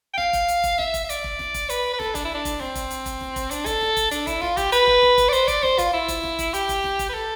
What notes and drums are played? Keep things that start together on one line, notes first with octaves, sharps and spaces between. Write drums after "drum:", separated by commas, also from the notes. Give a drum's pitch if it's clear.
G5
F5, drum: snare
drum: kick F1, hi-hat
drum: hi-hat
drum: kick F1, hi-hat
E5, drum: snare
drum: kick F1, hi-hat
E5
D5, drum: hi-hat
drum: kick F1
drum: snare
drum: kick F1, hi-hat
B4, drum: hi-hat
B4
A4, drum: snare
D4, drum: kick F1, hi-hat
E4
D4
drum: kick F1, hi-hat
C4, drum: snare
drum: kick F1, hi-hat
drum: hi-hat
drum: kick F1, hi-hat
drum: snare
drum: kick F1, hi-hat
D4, drum: hi-hat
A4, drum: kick F1, hi-hat
drum: snare
drum: kick F1, hi-hat
D4, drum: hi-hat
E4, drum: kick F1, hi-hat
F4, drum: snare
G4, drum: kick F1, hi-hat
B4, drum: hi-hat
drum: kick F1
drum: snare
drum: kick F1, hi-hat
D5
C5, drum: hi-hat
D5, drum: kick F1, hi-hat
C5, drum: snare
F4, drum: kick F1, hi-hat
E4
drum: kick F1, hi-hat
drum: snare
drum: kick F1, hi-hat
G4, drum: hi-hat
drum: kick F1, hi-hat
drum: snare
drum: kick F1, hi-hat
B4
A4